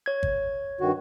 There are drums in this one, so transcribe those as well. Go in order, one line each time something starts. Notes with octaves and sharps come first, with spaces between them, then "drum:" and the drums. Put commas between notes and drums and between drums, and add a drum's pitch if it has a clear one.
C#5 G#6
drum: kick
G2 D#3 F#4